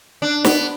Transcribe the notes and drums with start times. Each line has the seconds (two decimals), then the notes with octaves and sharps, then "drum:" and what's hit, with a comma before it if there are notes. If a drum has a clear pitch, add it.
0.22 D4
0.44 B3, drum: snare